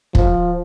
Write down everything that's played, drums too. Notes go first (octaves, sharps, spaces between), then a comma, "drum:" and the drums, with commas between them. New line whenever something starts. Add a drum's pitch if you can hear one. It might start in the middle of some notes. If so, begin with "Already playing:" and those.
F3, drum: kick